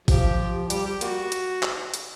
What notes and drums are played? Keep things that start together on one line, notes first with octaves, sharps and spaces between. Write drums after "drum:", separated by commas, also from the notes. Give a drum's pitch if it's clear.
F3 G4, drum: kick A1, open hi-hat
G3 G4, drum: hi-hat
G4
A#3 F#4, drum: hi-hat
drum: hi-hat
drum: clap
drum: hi-hat